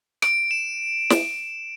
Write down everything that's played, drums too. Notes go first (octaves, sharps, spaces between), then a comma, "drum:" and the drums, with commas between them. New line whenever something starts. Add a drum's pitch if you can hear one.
D7, drum: rim click
E7
drum: snare